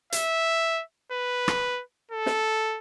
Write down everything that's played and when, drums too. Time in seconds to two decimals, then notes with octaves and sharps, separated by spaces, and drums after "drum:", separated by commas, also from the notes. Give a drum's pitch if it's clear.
0.12 E5, drum: hi-hat
1.12 B4
1.48 drum: rim click
2.11 A4
2.26 drum: snare